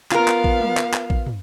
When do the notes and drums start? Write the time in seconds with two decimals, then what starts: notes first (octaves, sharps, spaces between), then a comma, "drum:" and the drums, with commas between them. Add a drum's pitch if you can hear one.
0.11 B3 F4 A#4 F5, drum: clap
0.28 drum: clap
0.44 drum: kick A1
0.61 drum: tom
0.77 drum: clap
0.94 drum: clap
1.10 drum: kick A1
1.26 drum: tom